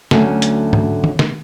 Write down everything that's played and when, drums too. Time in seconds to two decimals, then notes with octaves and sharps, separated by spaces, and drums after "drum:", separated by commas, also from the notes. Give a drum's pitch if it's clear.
0.11 D2 D3 F#3 A3 C#4, drum: snare
0.42 drum: hi-hat
0.73 drum: tom
1.04 drum: tom D#3
1.19 drum: snare